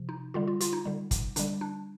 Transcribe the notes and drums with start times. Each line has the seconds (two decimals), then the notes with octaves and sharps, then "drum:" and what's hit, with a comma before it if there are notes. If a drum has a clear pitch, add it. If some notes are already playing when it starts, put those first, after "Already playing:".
Already playing: C3 F3
0.09 D#4
0.34 D3 G3 F4
0.47 F4
0.61 F4, drum: hi-hat
0.73 D#4
0.85 D3 G3
1.11 drum: kick, hi-hat
1.36 D3 G3 D4, drum: hi-hat
1.61 D4